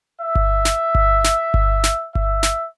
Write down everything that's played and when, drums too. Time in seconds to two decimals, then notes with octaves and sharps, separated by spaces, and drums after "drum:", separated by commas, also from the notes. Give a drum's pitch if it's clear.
0.21 E5
0.35 drum: kick G1
0.65 drum: snare
0.95 drum: kick G1
1.24 drum: snare
1.54 drum: kick G1
1.84 drum: snare
2.15 E5, drum: kick G1
2.43 drum: snare